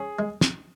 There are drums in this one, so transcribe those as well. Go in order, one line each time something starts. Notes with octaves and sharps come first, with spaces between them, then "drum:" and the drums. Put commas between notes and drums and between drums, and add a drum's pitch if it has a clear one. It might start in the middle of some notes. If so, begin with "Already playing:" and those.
Already playing: C#4 G#4
G#3
drum: snare